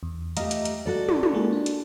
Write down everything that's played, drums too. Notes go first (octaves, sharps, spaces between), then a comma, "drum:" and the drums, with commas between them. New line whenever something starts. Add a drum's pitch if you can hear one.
E2
A3 G4 D#5 F5 A#5, drum: hi-hat
drum: hi-hat
drum: hi-hat
G3 F#4 A4 D5
drum: tom
drum: tom
G#3 A#3 G#4
D4
drum: hi-hat